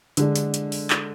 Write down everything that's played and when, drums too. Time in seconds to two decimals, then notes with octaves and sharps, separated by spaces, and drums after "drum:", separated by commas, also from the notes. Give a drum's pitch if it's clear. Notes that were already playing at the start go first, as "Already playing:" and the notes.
0.17 D3 G#3 D4, drum: hi-hat
0.36 drum: hi-hat
0.54 drum: hi-hat
0.72 drum: open hi-hat
0.90 drum: clap